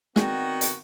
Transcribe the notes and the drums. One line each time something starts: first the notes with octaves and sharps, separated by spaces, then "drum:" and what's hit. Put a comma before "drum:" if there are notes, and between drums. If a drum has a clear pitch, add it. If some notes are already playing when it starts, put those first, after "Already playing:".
D#3 G#3 B3 C4 F#4 D5 G5, drum: snare
drum: hi-hat